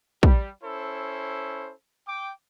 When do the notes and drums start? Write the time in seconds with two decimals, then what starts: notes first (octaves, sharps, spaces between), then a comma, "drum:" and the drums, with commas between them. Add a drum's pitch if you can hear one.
0.23 G3, drum: kick
0.63 C#4 E4 A4 C5
2.08 G5 D6